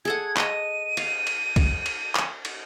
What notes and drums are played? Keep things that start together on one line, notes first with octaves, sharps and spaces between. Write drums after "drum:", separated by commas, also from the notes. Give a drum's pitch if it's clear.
G#4 A4 F#5 G#6
D#5 D#7, drum: clap
F5, drum: cymbal
drum: cymbal
drum: kick, cymbal
drum: cymbal
drum: clap
drum: cymbal